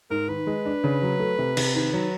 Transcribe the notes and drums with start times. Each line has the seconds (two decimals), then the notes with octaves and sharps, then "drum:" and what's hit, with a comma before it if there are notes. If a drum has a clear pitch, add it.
0.10 G#2 A#4
0.28 D#3 B4
0.47 G#3
0.66 D4
0.84 C#3
1.02 F#3
1.20 A3
1.39 C3
1.57 C3, drum: cymbal
1.75 D#3 B4
1.93 F#3